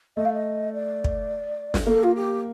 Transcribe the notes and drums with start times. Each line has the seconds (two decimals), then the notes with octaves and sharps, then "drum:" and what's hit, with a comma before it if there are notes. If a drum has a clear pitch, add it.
0.16 A3 D#5
0.25 F5
0.33 D#5
0.73 D5
1.04 drum: kick
1.74 drum: snare
1.87 A#3 A4
2.03 F4
2.15 G4